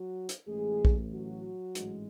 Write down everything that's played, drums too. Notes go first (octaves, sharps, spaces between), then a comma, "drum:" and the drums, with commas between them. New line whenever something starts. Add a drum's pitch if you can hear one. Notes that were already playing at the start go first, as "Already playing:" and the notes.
Already playing: F#3 F#4
drum: hi-hat
A1 A2 E3 G#3 G#4
drum: kick A#1
F#3 F#4
A1 G#2 E3 G#3, drum: hi-hat